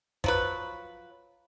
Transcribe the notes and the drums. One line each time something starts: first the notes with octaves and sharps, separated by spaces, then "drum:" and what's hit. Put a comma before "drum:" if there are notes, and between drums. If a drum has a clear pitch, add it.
F3 F#3 B4, drum: kick